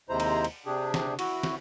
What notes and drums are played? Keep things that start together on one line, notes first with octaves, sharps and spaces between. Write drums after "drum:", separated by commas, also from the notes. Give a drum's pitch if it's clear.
D#2 C3 G#3 E4 C5 A#5
drum: cymbal
drum: cymbal
C3 D4 G4 G#4
drum: snare
E4 F#4, drum: cymbal
drum: snare